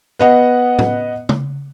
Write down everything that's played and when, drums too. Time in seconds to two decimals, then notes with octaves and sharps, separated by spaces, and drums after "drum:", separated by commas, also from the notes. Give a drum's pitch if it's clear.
0.19 B3 D#5 F#5
0.79 drum: tom
1.29 drum: tom